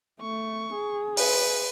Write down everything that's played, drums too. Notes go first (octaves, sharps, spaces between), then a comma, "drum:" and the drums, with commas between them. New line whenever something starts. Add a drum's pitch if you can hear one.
A3 C#6
G#4
B4, drum: open hi-hat